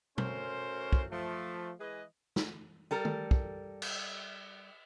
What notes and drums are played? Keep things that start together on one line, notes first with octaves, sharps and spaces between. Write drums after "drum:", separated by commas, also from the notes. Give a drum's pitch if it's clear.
A3 C#4 F#4 A#4 C5, drum: tom B2
drum: kick
F3 A3
E3 G#3 G#4 B4 D#5
drum: snare
G3 A4 A#4
drum: tom
drum: kick
drum: cymbal